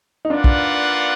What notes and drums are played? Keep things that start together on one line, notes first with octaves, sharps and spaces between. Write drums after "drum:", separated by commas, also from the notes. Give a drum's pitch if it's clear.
D#4
A#3 D4 F4 B4 D5 F#5
drum: kick